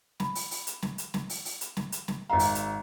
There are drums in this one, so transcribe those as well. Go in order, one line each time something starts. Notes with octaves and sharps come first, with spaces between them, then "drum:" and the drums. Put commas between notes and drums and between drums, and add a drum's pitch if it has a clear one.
B5, drum: snare
drum: open hi-hat
drum: open hi-hat
drum: hi-hat
drum: snare
drum: hi-hat
drum: snare
drum: open hi-hat
drum: open hi-hat
drum: hi-hat
drum: snare
drum: hi-hat
drum: snare
G#1 E5 F5 A#5
drum: open hi-hat
drum: hi-hat